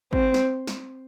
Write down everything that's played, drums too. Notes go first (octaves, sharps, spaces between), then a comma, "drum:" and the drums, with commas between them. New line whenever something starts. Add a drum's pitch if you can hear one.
C4, drum: kick
drum: snare
drum: snare